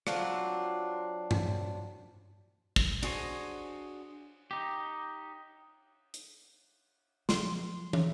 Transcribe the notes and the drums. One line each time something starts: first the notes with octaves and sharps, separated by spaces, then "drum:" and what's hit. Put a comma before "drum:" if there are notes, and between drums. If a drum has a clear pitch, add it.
F#3 C4 D4 F4, drum: rim click
drum: tom G2
drum: kick
D4 F#4 G#4 C5 C#5 D#5, drum: cymbal
D#4 G4
drum: hi-hat
F3 F#3 C6, drum: snare
drum: tom